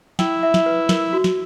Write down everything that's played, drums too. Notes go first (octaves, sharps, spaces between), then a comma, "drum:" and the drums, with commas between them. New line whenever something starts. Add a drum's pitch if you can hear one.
E4 G5, drum: snare
E5
drum: snare
B4
A#4, drum: snare
F#4
drum: snare